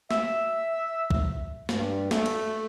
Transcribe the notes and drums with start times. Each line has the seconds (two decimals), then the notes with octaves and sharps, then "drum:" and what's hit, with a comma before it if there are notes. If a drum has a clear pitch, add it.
0.11 E5, drum: snare
1.11 drum: kick
1.69 G2, drum: snare
2.11 A3, drum: snare
2.26 drum: cymbal